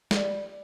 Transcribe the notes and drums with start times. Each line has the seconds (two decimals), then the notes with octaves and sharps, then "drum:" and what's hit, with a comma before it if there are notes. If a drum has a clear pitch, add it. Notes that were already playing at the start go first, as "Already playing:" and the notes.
0.11 G3, drum: snare